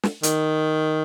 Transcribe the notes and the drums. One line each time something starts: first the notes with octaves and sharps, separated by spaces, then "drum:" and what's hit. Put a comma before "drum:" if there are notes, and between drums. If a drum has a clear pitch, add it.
drum: snare
D#3, drum: hi-hat